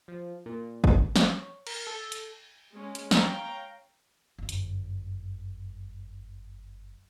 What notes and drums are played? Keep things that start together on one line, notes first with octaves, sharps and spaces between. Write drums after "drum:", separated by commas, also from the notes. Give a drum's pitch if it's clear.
F3
A#2
drum: kick G1
C#5, drum: snare
A#4, drum: cymbal
A4
drum: hi-hat
G#3 C#4
drum: hi-hat
C#5 F5 G5 A#5, drum: snare
G1 F#2
drum: hi-hat